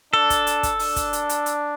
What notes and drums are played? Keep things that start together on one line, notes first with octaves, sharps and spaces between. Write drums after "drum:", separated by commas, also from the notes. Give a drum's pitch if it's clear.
D4 A4
drum: kick, hi-hat
drum: hi-hat
drum: kick, hi-hat
D4, drum: open hi-hat
drum: kick, hi-hat
drum: hi-hat
drum: hi-hat
drum: hi-hat